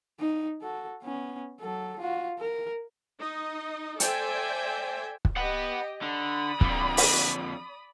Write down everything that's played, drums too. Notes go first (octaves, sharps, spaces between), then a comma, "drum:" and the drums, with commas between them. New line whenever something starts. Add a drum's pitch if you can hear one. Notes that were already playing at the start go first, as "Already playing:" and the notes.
D#4
F#4 A4
B3 C#4
F#3 A4
F4 F#4
A#4
D#4 D#5
A4 C5 D5 E5 G5 G#5, drum: hi-hat
drum: kick
G4 D#5 F#5 B5
D3 D5 B5 D#6
F2 D3, drum: kick
drum: open hi-hat